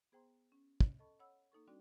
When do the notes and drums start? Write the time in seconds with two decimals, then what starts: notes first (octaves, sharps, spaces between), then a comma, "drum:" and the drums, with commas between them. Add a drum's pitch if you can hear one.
0.12 B3 G#4 C5 G5 A#5 C6
0.52 C#4
0.80 drum: kick
0.99 A4 D#5 A5 B5 C#6
1.20 C#5 F#5 B5 E6
1.52 A#3 D#4 A4 C#6
1.68 G3 C4 D4 F#4 D5 G5